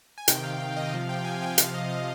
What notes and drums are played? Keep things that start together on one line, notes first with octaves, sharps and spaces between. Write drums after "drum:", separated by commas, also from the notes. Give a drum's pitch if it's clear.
G#5
C3 D#3 G5, drum: hi-hat
F5
F5
D#5
C3 F3 F5
G5
G#5
G5
C3 F3 F5, drum: hi-hat
D#5
D#5